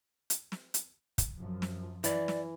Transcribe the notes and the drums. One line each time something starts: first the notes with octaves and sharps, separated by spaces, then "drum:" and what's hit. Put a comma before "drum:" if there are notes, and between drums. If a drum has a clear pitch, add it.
drum: hi-hat
drum: snare
drum: hi-hat
drum: kick, hi-hat
F#2 F3
drum: snare
E3 D5, drum: hi-hat
drum: snare